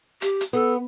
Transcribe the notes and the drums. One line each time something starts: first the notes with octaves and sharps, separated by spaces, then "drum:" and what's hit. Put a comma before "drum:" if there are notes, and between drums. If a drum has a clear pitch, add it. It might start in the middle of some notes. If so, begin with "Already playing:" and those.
G4, drum: hi-hat
drum: hi-hat
B3 A4